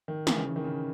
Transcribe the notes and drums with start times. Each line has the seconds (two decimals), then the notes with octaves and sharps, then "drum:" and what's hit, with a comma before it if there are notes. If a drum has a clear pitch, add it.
0.08 D#3
0.27 E3, drum: snare
0.37 C#3
0.46 D#3
0.56 D#3
0.64 C#3